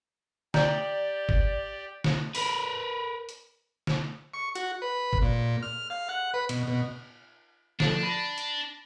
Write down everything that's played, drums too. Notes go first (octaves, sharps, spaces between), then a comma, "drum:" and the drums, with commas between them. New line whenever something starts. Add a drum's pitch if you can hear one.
G4 D5 G5 A#5, drum: snare
drum: kick
drum: snare
A#4 B4, drum: open hi-hat
drum: hi-hat
drum: snare
C#6
F#4, drum: hi-hat
B4
drum: kick
A#2
F6
F5
F#5
B4
B2, drum: cymbal
B2
F3 D4 A4, drum: snare
B5 A#6 D#7
drum: hi-hat